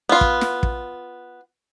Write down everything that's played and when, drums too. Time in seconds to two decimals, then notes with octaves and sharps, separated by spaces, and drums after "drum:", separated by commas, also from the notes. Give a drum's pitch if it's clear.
0.09 B3 F4
0.21 drum: kick
0.41 drum: snare
0.63 drum: kick